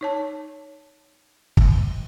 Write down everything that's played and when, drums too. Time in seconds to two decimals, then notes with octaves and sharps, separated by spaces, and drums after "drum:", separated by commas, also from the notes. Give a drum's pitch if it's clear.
0.01 D#4 C#5 A5
1.57 drum: kick